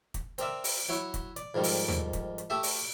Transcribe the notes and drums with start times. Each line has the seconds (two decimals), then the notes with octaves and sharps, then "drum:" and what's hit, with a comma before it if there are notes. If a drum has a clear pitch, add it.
0.14 drum: kick, hi-hat
0.38 C4 A#4 D5 E5, drum: hi-hat
0.64 drum: open hi-hat
0.89 F#3 E4 C#5
1.14 drum: kick, hi-hat
1.36 D5, drum: hi-hat
1.54 F2 G#2 D#3 G3
1.64 drum: open hi-hat
1.88 drum: tom D#2
2.13 drum: kick, hi-hat
2.38 drum: hi-hat
2.50 A3 G4 A4 E5
2.63 drum: open hi-hat